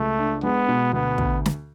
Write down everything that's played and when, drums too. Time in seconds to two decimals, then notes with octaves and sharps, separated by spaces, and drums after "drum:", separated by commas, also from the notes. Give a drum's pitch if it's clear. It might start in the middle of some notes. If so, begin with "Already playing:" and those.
Already playing: C#2 A3
0.19 D4
0.43 G#3 B3
0.68 B2
0.93 D2 B3
1.18 D2, drum: kick
1.46 drum: snare